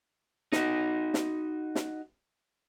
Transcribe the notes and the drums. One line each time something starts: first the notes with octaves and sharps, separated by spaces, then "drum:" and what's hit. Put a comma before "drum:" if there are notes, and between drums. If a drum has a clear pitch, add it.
D#4 F#4, drum: snare
drum: snare
drum: snare